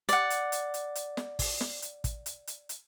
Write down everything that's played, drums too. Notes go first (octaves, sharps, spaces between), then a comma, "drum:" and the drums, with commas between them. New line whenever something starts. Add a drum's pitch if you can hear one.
D5 F#5, drum: hi-hat
drum: hi-hat
drum: hi-hat
drum: hi-hat
drum: hi-hat
drum: snare
drum: kick, open hi-hat
drum: snare
drum: hi-hat
drum: kick, hi-hat
drum: hi-hat
drum: hi-hat
drum: hi-hat